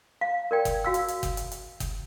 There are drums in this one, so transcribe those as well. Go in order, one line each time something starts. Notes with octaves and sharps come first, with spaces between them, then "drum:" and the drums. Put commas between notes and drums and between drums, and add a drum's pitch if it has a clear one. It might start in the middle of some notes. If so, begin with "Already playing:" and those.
F5
A#4 D5 G5
drum: kick F#1, hi-hat
F#4 F5 E6
drum: hi-hat
drum: hi-hat
drum: kick F#1, hi-hat
drum: hi-hat
drum: hi-hat
drum: kick F#1, hi-hat